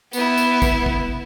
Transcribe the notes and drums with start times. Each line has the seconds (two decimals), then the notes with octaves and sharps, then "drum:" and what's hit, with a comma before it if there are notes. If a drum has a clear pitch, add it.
0.13 B3 E4, drum: tambourine
0.38 drum: tambourine
0.62 drum: kick, tambourine
0.86 drum: kick